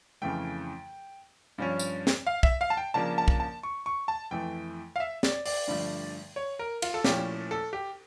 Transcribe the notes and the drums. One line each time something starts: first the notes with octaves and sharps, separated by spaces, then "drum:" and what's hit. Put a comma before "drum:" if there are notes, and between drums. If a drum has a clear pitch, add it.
F2 C#3 E3 A3 G5
G2 F3 C#4
drum: tambourine
drum: snare
F5
E5, drum: kick
F5
A5
G5
C#3 F3 A#3 D4 A5
A5
drum: kick
A5
C#6
C#6
A5
F2 E3 A3 G5
F5
E5
D5, drum: snare
D5, drum: open hi-hat
G2 D3 F3 A3
C#5
A#4
F4, drum: cymbal
A4
A#2 F3 A3 C#4 E4 G4, drum: snare
A4
G4